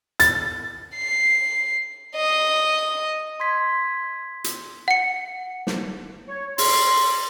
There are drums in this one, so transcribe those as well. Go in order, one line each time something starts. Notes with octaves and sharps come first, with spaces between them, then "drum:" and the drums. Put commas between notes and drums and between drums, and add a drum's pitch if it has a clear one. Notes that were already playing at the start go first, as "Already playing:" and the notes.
A6, drum: hi-hat
C7
D#5
C6 G#6 B6
drum: hi-hat
F#5 C#7
drum: snare
C#5
C6, drum: open hi-hat